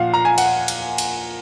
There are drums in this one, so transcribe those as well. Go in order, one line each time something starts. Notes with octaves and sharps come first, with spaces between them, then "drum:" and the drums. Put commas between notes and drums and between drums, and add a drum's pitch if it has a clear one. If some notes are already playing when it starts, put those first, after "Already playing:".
Already playing: A#2 F3 F5 F#5
A#5
G#5
F#5, drum: cymbal
drum: cymbal
drum: cymbal